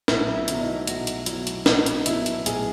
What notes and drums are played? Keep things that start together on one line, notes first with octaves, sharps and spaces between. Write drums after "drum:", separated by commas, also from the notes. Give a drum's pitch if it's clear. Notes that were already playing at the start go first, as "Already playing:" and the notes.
B1 E4, drum: snare
E4
B2 F#3, drum: hi-hat
D#4
B1 F#4, drum: hi-hat
drum: hi-hat
B2 F#3 E4, drum: hi-hat
drum: hi-hat
B1 D#4, drum: snare
drum: hi-hat
B2 F#3 E4, drum: hi-hat
drum: hi-hat
B1 G#4, drum: hi-hat